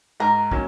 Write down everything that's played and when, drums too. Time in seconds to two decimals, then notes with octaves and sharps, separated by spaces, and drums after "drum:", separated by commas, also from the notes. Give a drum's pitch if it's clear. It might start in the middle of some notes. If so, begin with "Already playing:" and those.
0.20 G#2 A#4
0.51 D#3 F#3 A#3 C#4, drum: kick